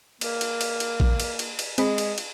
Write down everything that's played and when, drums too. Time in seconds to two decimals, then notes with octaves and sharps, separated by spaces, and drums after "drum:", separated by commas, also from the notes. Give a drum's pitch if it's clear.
0.21 A#3, drum: cymbal
0.41 drum: cymbal
0.61 drum: cymbal
0.80 drum: cymbal
1.00 drum: kick
1.20 drum: cymbal
1.39 drum: cymbal
1.59 drum: cymbal
1.78 G#3 C4 G#4 B5, drum: cymbal
1.98 drum: cymbal
2.18 drum: cymbal